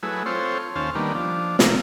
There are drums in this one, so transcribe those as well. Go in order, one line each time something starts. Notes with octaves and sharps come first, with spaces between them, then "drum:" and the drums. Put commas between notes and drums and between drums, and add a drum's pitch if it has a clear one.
F#3 A3 E4 G#4 B4
C4 F4 A4 C5 C#5
D#2 C#4 C5 F5 A5
D#3 G3 A#3 B3 D4
F3 D4
C3 F3 A#4 E6, drum: snare